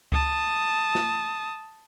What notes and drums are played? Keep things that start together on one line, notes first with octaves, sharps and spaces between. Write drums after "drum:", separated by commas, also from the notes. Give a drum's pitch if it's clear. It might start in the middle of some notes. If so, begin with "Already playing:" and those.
A5 D#6, drum: kick C#2
drum: snare